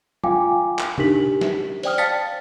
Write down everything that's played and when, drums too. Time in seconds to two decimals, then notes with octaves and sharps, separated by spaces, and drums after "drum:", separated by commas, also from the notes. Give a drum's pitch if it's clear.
0.24 F4 F5 G5 G#5 D6, drum: tom
0.79 drum: clap
0.98 D4 D#4 G4 A#4 B6 F#7, drum: tom
1.41 drum: snare
1.83 C5 D5 G5 D#6 F6, drum: open hi-hat
1.98 F5 A5 F6 A6 B6 C#7, drum: tambourine